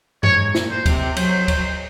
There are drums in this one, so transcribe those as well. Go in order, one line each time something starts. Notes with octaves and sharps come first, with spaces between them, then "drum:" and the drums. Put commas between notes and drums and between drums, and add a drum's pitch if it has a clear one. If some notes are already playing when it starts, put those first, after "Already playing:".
G#2 C#5, drum: tom F#2
A#2, drum: snare
C5
C3, drum: kick, cymbal
F#3 C5, drum: cymbal
drum: kick, cymbal